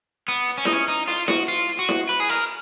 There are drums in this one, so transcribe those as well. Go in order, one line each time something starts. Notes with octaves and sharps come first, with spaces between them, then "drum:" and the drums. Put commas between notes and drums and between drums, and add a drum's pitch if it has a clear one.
B3, drum: hi-hat
drum: hi-hat
C#4
D#4, drum: snare E4
C#4
D#4, drum: hi-hat
F4, drum: open hi-hat
F#4, drum: snare E4
F4
drum: hi-hat
F#4
drum: snare E4
B4, drum: hi-hat
G#4
A#4, drum: open hi-hat